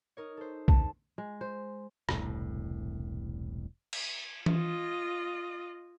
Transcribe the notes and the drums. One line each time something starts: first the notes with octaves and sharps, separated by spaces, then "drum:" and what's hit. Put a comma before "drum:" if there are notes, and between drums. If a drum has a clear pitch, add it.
D#4 A#4 C#5
A4 C5
A5, drum: kick
G#3
C5
E1 C2 A2, drum: rim click
drum: cymbal
F4 D#5, drum: tom E3